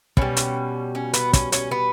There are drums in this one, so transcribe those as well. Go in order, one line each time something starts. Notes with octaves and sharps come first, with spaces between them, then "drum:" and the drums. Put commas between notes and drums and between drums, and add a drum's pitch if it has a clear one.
B2 G3 C#4, drum: kick
drum: hi-hat
C#4
B3, drum: hi-hat
C#4, drum: kick, hi-hat
C#4, drum: hi-hat
B3